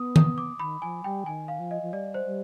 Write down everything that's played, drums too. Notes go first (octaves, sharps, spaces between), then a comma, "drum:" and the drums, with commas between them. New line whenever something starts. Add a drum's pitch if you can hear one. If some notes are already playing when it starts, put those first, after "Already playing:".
Already playing: B3 D#6
D#6, drum: tom
D6
D#3 B5
F3 G#5
G3 G5
D#3 G#5
F5
F3
D#5
F3
G3 D5
C5
G3